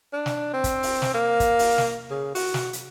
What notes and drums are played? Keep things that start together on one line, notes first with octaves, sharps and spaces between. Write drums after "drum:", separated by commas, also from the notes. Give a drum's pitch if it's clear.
D4
drum: snare
C4
drum: kick, hi-hat
drum: open hi-hat
drum: snare
A#3
drum: kick, hi-hat
drum: open hi-hat
drum: snare
C#3
F#4, drum: open hi-hat
drum: snare
drum: hi-hat